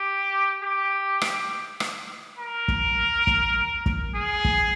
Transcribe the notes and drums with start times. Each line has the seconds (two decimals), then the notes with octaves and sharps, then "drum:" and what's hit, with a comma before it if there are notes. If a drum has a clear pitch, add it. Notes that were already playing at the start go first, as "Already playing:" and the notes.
Already playing: G4
0.63 G4
1.21 drum: rim click
1.80 drum: rim click
2.39 A#4
2.68 drum: kick
3.27 drum: kick
3.86 drum: kick
4.15 G#4
4.45 drum: kick